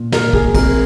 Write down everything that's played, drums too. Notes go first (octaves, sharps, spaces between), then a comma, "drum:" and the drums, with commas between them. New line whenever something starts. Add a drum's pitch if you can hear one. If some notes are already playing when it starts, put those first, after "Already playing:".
Already playing: A#2
A#2 A#4, drum: snare
G#4, drum: kick
C4 A#4, drum: kick, cymbal